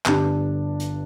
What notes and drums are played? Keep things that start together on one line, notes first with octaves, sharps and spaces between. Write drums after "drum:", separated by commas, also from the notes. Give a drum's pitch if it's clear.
G1 G2 G3 D4, drum: clap
drum: hi-hat